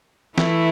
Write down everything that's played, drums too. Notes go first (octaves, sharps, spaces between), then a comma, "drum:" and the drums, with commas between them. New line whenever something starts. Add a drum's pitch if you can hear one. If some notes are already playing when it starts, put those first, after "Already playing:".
E3 A3 E4, drum: snare E3